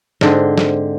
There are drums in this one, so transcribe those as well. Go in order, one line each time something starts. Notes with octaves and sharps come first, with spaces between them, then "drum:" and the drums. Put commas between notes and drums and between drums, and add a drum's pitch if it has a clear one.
G#2 D3 C4, drum: snare
drum: snare